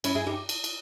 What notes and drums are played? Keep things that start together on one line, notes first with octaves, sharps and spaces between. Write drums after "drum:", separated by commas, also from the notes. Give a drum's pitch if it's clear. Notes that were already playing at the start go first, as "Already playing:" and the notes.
C#4 E4, drum: cymbal
E4 G#4
D#4 G4
drum: cymbal
drum: cymbal